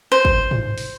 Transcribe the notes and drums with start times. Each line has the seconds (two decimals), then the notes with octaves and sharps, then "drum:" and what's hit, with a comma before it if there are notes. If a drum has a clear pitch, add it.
0.12 C5
0.25 drum: kick
0.51 drum: tom
0.78 drum: open hi-hat